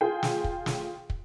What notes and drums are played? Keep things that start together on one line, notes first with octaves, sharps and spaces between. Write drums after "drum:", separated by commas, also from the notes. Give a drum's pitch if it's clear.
F4 G#4 G5
drum: snare
drum: kick
drum: snare
drum: kick